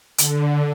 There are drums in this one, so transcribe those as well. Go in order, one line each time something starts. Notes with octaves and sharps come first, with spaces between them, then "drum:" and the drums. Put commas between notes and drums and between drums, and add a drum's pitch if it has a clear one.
D3, drum: hi-hat